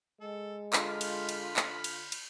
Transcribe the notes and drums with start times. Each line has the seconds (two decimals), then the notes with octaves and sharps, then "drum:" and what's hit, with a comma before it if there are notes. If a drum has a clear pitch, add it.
0.21 G#3 A4
0.73 D3 F4 B5 F6, drum: clap
1.01 drum: cymbal
1.29 drum: cymbal
1.56 drum: clap
1.84 drum: cymbal
2.12 drum: cymbal